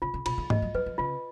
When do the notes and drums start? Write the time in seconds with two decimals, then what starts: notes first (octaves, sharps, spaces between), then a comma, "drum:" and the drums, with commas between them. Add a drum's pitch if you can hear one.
0.02 C#3 F4
0.14 C#3
0.26 B2 F4, drum: cymbal
0.38 D#3
0.50 F3 D#5, drum: tom G#2
0.62 F#3
0.74 F#3 B4
0.86 F3
0.98 C#3 F4